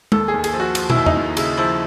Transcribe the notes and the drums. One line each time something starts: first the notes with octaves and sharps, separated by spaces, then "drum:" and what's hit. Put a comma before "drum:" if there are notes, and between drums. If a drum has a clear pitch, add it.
D#2 A4, drum: tom G#3
G#4
D#2
G#4, drum: cymbal
F3
F#4
F3, drum: cymbal
E4, drum: tom
D#2
D#4, drum: tom E2
D#2
C#3 E4, drum: cymbal
F3 E4